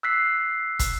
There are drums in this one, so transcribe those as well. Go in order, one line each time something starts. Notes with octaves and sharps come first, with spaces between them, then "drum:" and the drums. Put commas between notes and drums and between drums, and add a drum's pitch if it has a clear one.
E6 F#6 B6 C7
drum: kick, hi-hat